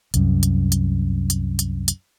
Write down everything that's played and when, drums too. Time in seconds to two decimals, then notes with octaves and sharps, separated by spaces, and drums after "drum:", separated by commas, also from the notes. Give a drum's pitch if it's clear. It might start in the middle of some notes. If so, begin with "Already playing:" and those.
0.14 C2 F#2, drum: hi-hat
0.43 drum: hi-hat
0.72 drum: hi-hat
1.30 drum: hi-hat
1.59 drum: hi-hat
1.88 drum: hi-hat